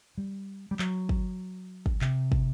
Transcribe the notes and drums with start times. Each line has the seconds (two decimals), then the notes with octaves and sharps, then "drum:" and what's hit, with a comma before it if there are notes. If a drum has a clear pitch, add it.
0.18 G3
0.71 G3
0.79 F#3, drum: clap
1.09 drum: kick
1.86 drum: kick
2.01 C3, drum: clap
2.32 drum: kick